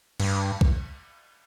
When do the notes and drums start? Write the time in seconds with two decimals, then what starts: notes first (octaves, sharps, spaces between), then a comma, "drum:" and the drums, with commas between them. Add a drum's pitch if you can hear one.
0.20 G2, drum: cymbal
0.61 drum: kick C2